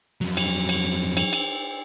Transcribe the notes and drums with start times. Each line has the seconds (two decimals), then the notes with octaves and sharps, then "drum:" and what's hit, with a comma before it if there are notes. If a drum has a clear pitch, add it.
0.21 F2 F#3
0.37 drum: cymbal
0.69 drum: cymbal
1.17 drum: cymbal
1.33 drum: cymbal